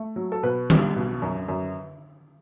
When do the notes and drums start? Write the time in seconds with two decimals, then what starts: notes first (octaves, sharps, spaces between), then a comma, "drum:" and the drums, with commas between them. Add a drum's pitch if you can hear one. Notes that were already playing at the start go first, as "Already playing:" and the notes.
Already playing: A3
0.16 F#3
0.32 A4
0.43 B2 B4
0.70 G3, drum: tom D3
0.96 B2
1.22 F#2
1.48 F#2